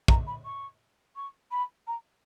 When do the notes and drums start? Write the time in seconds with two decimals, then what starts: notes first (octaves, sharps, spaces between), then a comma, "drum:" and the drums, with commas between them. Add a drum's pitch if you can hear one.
0.08 A#5, drum: kick
0.26 B5
0.44 C#6
1.15 C#6
1.51 B5
1.87 A#5